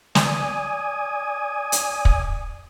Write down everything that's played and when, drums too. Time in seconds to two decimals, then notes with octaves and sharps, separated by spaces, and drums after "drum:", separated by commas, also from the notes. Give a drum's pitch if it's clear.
0.15 D5 G#5 D#6, drum: snare
1.72 drum: hi-hat
2.05 drum: kick